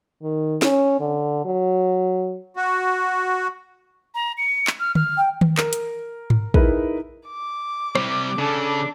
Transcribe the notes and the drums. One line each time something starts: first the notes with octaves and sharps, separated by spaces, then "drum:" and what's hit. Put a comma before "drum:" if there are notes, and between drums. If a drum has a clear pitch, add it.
D#3
C#4, drum: snare
D3
F#3
F#4
A#5
C#7
drum: clap
F6
F6, drum: tom D3
G5
drum: tom D#3
A#4, drum: clap
drum: hi-hat
drum: tom G#2
D#4 E4 G#4 A#4 B4, drum: kick
D6
C3 G3, drum: rim click
C#3 D4 A4